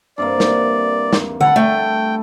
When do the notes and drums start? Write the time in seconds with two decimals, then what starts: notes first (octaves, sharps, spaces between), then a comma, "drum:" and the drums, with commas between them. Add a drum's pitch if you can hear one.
0.18 G2 C3 A#3 D5
0.40 drum: snare
1.13 drum: snare
1.41 A4 F#5 B5, drum: tom D3
1.56 A3 G5